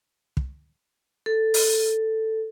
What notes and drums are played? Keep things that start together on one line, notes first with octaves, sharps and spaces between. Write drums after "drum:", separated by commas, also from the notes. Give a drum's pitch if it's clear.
drum: kick
A4
drum: open hi-hat